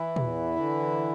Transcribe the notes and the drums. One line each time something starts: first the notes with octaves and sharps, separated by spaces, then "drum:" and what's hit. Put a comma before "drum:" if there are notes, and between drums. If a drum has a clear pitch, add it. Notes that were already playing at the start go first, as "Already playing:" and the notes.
Already playing: E3 E4
E2, drum: tom A#2
D3